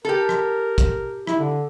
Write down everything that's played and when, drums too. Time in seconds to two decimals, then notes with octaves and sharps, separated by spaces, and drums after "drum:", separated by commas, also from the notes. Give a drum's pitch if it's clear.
0.05 G4 A4 A#4
0.29 drum: rim click
0.78 drum: kick, hi-hat
1.27 E4, drum: rim click
1.39 D3